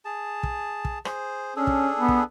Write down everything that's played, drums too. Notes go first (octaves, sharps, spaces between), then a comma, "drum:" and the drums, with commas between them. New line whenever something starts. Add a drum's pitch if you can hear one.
G#4 A5
drum: kick
drum: kick
G#4 C5, drum: rim click
C#4 D4 G#4 A4
drum: kick
B3
drum: kick